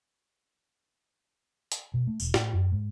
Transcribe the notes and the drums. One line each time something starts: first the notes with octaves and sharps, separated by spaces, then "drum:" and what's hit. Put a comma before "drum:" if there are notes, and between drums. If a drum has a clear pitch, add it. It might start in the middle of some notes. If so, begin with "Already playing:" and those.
drum: hi-hat
B2
A3
E1, drum: tambourine
A2, drum: snare
F#2
G#2